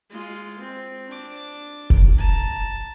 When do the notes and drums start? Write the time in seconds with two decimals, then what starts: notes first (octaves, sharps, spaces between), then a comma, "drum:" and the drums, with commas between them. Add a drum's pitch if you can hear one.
0.10 G#3 F4
0.59 C4
1.09 D4 D6
1.90 drum: kick F1
2.17 A5 A#5